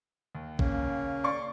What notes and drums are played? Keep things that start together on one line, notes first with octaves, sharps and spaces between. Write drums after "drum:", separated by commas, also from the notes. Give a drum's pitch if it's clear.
D#2
C#3 A#3 C#4, drum: kick A1
D5 C6 C#6